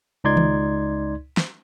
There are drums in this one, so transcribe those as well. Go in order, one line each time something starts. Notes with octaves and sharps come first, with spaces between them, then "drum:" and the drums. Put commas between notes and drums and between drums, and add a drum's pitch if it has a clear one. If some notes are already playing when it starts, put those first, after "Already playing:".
C#2 D#4 D5 C6 G#6
drum: tom D#3
drum: snare